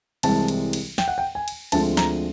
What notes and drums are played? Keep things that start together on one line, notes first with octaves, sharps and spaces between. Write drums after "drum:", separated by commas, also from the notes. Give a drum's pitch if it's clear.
C2 C3 E3 G#3 C4 A5, drum: cymbal
drum: cymbal
drum: cymbal
G5, drum: snare
F#5
G5
G#5
drum: cymbal
D2 D3 F3 G#3 C4 A5, drum: cymbal
A#5, drum: snare